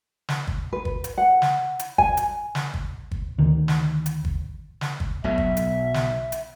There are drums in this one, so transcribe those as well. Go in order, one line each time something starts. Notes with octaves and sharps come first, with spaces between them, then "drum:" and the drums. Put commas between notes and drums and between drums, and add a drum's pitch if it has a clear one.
drum: snare
drum: kick
B4
drum: kick
drum: hi-hat
F#5
drum: snare
drum: hi-hat
G#5, drum: kick
drum: hi-hat
drum: snare
drum: kick
drum: kick
D2 D#3
drum: snare
drum: hi-hat
drum: kick
drum: snare
drum: kick
B1 B2 F#3 E5
drum: kick
drum: hi-hat
drum: snare
drum: hi-hat